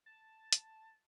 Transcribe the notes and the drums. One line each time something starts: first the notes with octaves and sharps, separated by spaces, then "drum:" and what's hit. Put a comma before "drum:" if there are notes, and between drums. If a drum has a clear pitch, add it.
A5
drum: hi-hat